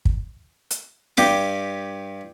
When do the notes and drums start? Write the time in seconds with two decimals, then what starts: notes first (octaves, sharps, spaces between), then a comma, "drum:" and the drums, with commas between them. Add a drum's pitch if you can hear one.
0.05 drum: kick
0.71 drum: hi-hat
1.17 G2 G4 D6, drum: snare